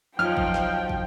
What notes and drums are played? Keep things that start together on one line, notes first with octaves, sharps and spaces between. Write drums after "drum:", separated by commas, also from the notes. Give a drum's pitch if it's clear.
F3 F#3 D#4 G5 F6
drum: kick
drum: snare
drum: kick